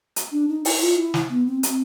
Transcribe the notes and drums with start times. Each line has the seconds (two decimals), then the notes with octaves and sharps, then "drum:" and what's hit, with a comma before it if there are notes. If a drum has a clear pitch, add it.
0.16 drum: hi-hat
0.32 D4
0.49 D#4
0.65 E4, drum: open hi-hat
0.81 F4
0.97 E4
1.14 drum: snare
1.30 B3
1.46 C4
1.63 C4, drum: hi-hat